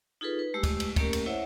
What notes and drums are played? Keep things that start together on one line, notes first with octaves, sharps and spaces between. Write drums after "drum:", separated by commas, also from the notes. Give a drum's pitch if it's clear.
D#4 F4 G#4 A4 B4
B4
G#3 A3 G4 E6
drum: kick, cymbal
drum: cymbal
A3 A#3 C#4 G4 A#4, drum: kick, cymbal
drum: cymbal
E4 C5 C#5 E5 F#5